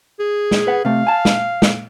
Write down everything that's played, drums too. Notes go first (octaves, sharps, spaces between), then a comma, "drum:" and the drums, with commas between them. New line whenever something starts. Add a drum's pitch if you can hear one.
G#4
drum: snare
B4 F#5
C3 A3 F5
G#5 A5
drum: snare
drum: snare